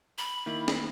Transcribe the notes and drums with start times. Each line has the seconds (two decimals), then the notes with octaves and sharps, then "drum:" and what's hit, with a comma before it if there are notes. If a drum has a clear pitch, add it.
0.18 B5
0.46 D#3 A#3 E4
0.68 drum: snare